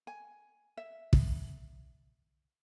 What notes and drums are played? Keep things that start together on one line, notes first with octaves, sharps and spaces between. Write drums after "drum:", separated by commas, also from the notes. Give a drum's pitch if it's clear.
G#5
E5
drum: kick